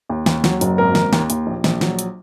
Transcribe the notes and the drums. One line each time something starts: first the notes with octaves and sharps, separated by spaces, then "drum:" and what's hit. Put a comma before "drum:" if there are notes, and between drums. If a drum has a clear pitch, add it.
D#2
D#2, drum: snare
F#3, drum: snare
F#1, drum: hi-hat
G#1 A#4
G#1, drum: snare
D#2, drum: snare
D#2, drum: hi-hat
A#1
A#1, drum: snare
F#3, drum: snare
drum: hi-hat